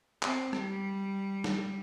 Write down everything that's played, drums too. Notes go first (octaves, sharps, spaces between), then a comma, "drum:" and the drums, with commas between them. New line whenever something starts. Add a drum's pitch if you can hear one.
C4, drum: clap
G3, drum: rim click
drum: snare